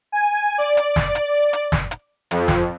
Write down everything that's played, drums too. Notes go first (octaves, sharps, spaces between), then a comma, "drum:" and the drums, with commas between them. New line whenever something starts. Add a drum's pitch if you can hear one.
G#5
D5
drum: hi-hat
drum: snare
drum: hi-hat
drum: hi-hat
drum: snare
drum: hi-hat
F2, drum: hi-hat
drum: snare